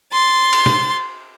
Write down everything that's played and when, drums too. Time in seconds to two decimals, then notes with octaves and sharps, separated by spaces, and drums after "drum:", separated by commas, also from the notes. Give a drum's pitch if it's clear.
0.13 C6 A6
0.53 drum: cymbal
0.66 drum: snare